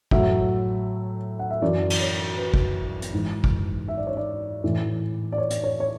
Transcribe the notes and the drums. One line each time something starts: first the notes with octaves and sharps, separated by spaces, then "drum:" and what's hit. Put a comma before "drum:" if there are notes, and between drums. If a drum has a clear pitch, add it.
A2 F#3 E5, drum: kick
F#5
E5
F#2 E3 D5
drum: cymbal
C#5
B4
drum: kick
drum: hi-hat
G#2 E3
drum: kick
E5
D5
C#5
D5
A2 E3
D5
C#5
drum: hi-hat
C#5
C#5